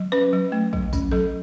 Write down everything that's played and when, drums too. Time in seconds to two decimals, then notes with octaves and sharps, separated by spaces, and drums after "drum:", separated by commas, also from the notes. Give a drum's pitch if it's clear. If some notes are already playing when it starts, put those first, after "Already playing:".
Already playing: F#3
0.12 C#4 B4
0.33 F#3
0.52 A3
0.73 F#3, drum: kick
0.93 C#4, drum: kick, tambourine
1.12 F#3 A4